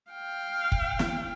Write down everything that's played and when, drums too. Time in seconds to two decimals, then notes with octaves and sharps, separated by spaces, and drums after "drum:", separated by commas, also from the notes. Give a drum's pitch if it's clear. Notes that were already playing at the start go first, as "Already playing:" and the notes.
0.12 F5 G5
0.72 drum: kick
0.99 drum: snare